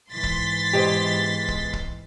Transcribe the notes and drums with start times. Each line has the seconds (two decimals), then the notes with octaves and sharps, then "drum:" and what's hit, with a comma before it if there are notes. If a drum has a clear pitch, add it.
0.11 G#2 E3 C6 A6 B6
0.23 drum: kick
0.73 B2 G#3 G4 C5
1.48 drum: kick
1.73 drum: kick